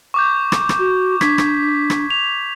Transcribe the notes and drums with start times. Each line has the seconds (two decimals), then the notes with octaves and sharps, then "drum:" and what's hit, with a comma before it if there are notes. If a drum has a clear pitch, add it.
0.14 C#6 D6 G6
0.52 drum: rim click
0.69 drum: rim click
0.79 F#4
1.21 D4 G#6 B6, drum: rim click
1.38 drum: rim click
1.90 drum: rim click
2.10 F7